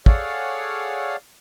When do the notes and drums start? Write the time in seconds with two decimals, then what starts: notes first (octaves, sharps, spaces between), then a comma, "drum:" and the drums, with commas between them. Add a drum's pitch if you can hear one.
0.06 G#4 A4 C#5 D5 F5 F#5, drum: kick